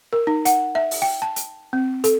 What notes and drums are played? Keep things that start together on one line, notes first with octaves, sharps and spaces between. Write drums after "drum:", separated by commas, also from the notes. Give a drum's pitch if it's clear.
A#4
D#4
F#5, drum: hi-hat
E5
drum: open hi-hat
G5
A5
drum: hi-hat
C4
A4, drum: hi-hat